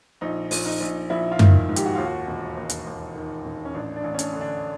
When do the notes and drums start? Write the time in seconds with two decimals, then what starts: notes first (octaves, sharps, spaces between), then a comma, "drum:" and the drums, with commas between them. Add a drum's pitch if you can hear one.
0.21 A#1 D#4
0.51 A#1, drum: open hi-hat
0.66 D#4
0.81 A#1
1.10 A#1 E4
1.32 F4
1.39 D#3, drum: tom F#2
1.69 G#2
1.76 G4, drum: hi-hat
1.85 F#4
1.95 D#2 F4
2.05 F#4
2.27 E1
2.57 D#2
2.69 drum: hi-hat
2.87 D#2
3.16 D#3
3.45 E1
3.65 C#4
3.74 A1 D4
3.96 D4
4.04 A1
4.14 C#4
4.19 D4, drum: hi-hat
4.33 D3
4.41 D4